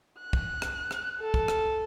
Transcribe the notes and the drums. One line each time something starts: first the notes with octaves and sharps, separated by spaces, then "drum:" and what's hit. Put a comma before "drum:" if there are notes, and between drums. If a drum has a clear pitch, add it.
F#6
drum: kick
drum: rim click
drum: rim click
A4
drum: kick
drum: rim click